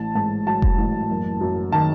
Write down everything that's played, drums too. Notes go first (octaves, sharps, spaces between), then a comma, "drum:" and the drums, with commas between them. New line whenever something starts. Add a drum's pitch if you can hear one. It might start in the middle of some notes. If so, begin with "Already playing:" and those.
Already playing: A1 A5
G#2 A5
F#3 A5
drum: kick F1
A1
F#1
F#2
D#3 A5